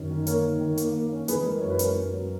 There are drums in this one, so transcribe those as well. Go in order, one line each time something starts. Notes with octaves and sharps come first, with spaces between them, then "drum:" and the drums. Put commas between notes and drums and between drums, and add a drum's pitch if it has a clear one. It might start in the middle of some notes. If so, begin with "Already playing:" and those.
Already playing: F#2 D#3 C#4
D#3
A#3 A#4 C#5, drum: hi-hat
D#3
D#3
A#3, drum: hi-hat
A#3
C#4
E3 G#4 B4, drum: hi-hat
G#3 A#4
F#2 C#5
B4
C#4 A#4, drum: hi-hat
C#4
F#3